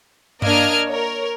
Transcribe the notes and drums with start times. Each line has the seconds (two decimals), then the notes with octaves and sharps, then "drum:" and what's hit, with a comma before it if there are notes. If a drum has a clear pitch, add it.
0.42 A#3 D4 D#5 F6 G#6 D7, drum: tom G2
0.87 A#4 C#5